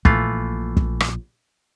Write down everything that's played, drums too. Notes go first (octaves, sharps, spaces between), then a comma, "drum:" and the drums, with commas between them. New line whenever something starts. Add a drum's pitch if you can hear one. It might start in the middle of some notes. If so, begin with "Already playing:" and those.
A#1 A#2 E3 A3 F4, drum: kick
drum: kick
drum: rim click